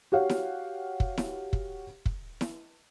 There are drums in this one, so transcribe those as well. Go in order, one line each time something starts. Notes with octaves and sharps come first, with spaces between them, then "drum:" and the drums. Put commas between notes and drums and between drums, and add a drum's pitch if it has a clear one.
F#4 G4 C#5 F5 F#5
drum: snare E4
drum: kick
drum: snare E4
drum: kick
drum: kick
drum: snare E4